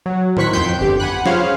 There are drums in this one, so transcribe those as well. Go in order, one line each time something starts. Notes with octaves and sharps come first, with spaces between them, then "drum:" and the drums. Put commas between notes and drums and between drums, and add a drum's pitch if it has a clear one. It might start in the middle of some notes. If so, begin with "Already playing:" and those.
F#3
D#3 E4 C5 C#6 F#6 B6, drum: tom A2
F2 G5 C6 G6, drum: snare
G1 G4
F#5 G#5 B5 F#6
C#4 F4 G#4 C5 C#5 F5, drum: snare